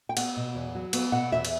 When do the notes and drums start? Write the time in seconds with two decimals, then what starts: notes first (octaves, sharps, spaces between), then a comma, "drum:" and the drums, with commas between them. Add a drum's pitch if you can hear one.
0.09 G5
0.17 B3 F#5, drum: cymbal
0.37 B2
0.55 E2
0.75 F#3
0.93 B3, drum: cymbal
1.12 B2 F#5
1.32 E2 E5
1.45 drum: cymbal